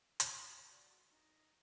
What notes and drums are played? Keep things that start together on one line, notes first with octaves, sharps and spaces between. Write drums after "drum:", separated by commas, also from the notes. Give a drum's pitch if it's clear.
F5, drum: hi-hat
F#4 D5
D#4 A#5